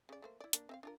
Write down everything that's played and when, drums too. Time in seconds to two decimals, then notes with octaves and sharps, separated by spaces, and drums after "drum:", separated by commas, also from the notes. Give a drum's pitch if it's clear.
0.09 C#3 D5
0.22 A3 A#3 C5
0.40 E4 D5
0.53 A#3 D4, drum: hi-hat
0.69 C4 E5 F5
0.83 D4 F4 A#4